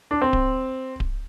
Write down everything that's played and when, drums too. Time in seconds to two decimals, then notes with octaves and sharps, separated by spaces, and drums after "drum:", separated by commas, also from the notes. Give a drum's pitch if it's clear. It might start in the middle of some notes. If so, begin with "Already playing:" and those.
0.11 D4
0.22 C4
0.33 drum: kick D1
1.00 drum: kick D1